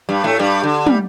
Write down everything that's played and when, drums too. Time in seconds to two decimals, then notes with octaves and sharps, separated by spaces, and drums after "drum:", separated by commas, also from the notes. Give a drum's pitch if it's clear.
0.09 G2 G3
0.24 A2 A3
0.39 G2 G3
0.64 D3
0.87 G3, drum: tom